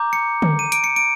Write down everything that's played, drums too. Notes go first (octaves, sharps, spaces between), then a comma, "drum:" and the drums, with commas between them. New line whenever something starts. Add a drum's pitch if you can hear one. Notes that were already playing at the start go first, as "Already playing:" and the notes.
Already playing: A#5 D6 G6
C#7
drum: tom D3
D#7
D7, drum: hi-hat
C#7
D7